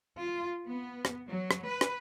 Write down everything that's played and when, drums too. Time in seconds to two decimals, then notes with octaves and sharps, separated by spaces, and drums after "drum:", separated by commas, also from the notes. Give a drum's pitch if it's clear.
0.19 F4
0.67 B3
1.05 drum: rim click
1.29 F#3
1.51 drum: rim click
1.66 B4
1.81 drum: rim click